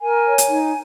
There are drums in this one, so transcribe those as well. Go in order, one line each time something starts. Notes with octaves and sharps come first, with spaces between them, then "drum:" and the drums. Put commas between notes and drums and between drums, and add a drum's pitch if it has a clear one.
A#4 G#5
C#5
drum: hi-hat
D#4